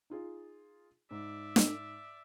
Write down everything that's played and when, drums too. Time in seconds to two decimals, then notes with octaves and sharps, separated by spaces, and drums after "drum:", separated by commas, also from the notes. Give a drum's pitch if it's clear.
0.10 D#4 F4 G#4
1.11 G#2 D5 E5
1.56 drum: snare